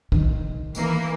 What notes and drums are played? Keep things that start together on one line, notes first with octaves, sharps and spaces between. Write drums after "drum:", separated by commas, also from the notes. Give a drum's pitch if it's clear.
D#3, drum: kick B1
E3 A#3, drum: tambourine